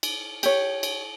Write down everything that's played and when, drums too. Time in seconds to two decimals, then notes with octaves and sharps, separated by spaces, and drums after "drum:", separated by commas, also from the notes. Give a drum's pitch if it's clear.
0.03 drum: cymbal
0.43 G4 C#5, drum: cymbal
0.83 drum: cymbal